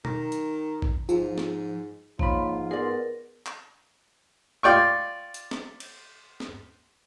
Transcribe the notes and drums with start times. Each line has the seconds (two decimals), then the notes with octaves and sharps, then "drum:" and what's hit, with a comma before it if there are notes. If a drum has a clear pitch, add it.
0.05 D#3 A#5, drum: tom B2
0.32 drum: hi-hat
0.82 drum: kick A1
1.09 G#2 F3, drum: tambourine
1.38 drum: snare
2.19 G#2 F3 A#3 F4 C#5 B5, drum: kick A1
2.71 B3 G#4 A#4 D5
3.46 drum: clap
4.63 F4 D5 G5 C#6
5.34 drum: hi-hat
5.51 drum: snare
5.80 drum: cymbal
6.40 drum: snare